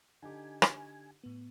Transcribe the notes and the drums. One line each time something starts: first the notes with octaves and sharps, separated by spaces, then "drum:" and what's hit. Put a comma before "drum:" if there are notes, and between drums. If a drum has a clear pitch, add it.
D3 D#4 G4 G#5
drum: rim click
A2 B3